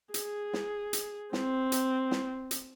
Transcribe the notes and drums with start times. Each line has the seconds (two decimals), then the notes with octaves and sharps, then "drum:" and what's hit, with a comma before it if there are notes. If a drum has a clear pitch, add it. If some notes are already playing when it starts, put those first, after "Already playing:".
0.14 G#4, drum: hi-hat
0.53 drum: snare
0.93 drum: hi-hat
1.33 C4, drum: snare
1.72 drum: hi-hat
2.11 drum: snare
2.51 drum: hi-hat